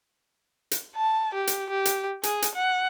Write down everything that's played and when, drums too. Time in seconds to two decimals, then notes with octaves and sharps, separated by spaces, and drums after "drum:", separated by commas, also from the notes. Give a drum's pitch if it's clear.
0.71 drum: hi-hat
0.96 A5
1.34 G4
1.47 drum: hi-hat
1.70 G4
1.85 drum: hi-hat
2.23 G#4, drum: hi-hat
2.42 drum: hi-hat
2.55 F#5